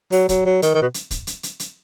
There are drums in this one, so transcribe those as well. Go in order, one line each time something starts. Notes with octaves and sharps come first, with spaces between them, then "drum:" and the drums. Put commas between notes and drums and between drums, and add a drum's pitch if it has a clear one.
F#3, drum: open hi-hat
F#3, drum: kick, hi-hat
F#3
D#3, drum: hi-hat
D#3
B2
drum: hi-hat
drum: kick, hi-hat
drum: hi-hat
drum: hi-hat
drum: hi-hat